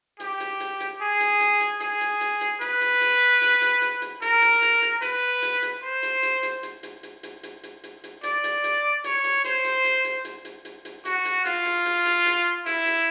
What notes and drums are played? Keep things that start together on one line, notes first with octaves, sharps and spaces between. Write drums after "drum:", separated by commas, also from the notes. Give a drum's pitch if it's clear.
G4, drum: hi-hat
drum: hi-hat
drum: hi-hat
drum: hi-hat
G#4
drum: hi-hat
drum: hi-hat
drum: hi-hat
G#4, drum: hi-hat
drum: hi-hat
drum: hi-hat
drum: hi-hat
B4, drum: hi-hat
drum: hi-hat
drum: hi-hat
drum: hi-hat
drum: hi-hat
drum: hi-hat
drum: hi-hat
A#4, drum: hi-hat
drum: hi-hat
drum: hi-hat
drum: hi-hat
B4, drum: hi-hat
drum: hi-hat
drum: hi-hat
C5
drum: hi-hat
drum: hi-hat
drum: hi-hat
drum: hi-hat
drum: hi-hat
drum: hi-hat
drum: hi-hat
drum: hi-hat
drum: hi-hat
drum: hi-hat
drum: hi-hat
D5, drum: hi-hat
drum: hi-hat
drum: hi-hat
C#5, drum: hi-hat
drum: hi-hat
C5, drum: hi-hat
drum: hi-hat
drum: hi-hat
drum: hi-hat
drum: hi-hat
drum: hi-hat
drum: hi-hat
drum: hi-hat
F#4, drum: hi-hat
drum: hi-hat
F4, drum: hi-hat
drum: hi-hat
drum: hi-hat
drum: hi-hat
drum: hi-hat
E4, drum: hi-hat
drum: hi-hat